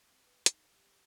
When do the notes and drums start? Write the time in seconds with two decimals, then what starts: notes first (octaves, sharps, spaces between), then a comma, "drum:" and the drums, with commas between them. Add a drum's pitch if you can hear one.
0.11 C4
0.24 B4
0.46 D#4, drum: hi-hat
0.75 G4